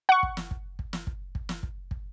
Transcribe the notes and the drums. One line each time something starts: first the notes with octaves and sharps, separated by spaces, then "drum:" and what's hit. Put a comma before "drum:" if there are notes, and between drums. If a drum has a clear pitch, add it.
F#5 C#6
drum: kick
drum: snare
drum: kick
drum: kick
drum: snare
drum: kick
drum: kick
drum: snare
drum: kick
drum: kick